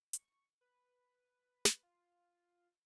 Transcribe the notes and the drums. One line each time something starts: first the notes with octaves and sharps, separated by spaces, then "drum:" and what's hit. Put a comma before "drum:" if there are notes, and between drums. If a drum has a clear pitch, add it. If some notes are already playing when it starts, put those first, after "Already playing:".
C#6, drum: hi-hat
B4
drum: snare
F4